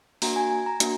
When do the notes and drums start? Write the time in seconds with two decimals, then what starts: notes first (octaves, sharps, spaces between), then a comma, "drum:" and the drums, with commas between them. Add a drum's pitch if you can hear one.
0.22 A#3 D4 F#4 A#5, drum: open hi-hat
0.36 G#5
0.51 G#5
0.66 A#5
0.80 A#3 D4 F#4, drum: hi-hat